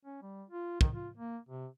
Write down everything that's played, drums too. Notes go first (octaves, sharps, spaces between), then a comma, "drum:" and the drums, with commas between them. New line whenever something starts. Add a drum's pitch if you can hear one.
C#4
G3
F4
D#3, drum: kick
F4
A#3
C3